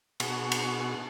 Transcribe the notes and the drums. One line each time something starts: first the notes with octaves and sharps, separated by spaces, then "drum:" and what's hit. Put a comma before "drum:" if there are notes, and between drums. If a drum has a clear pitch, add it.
B2 F#4 G#4 C#6, drum: cymbal
drum: cymbal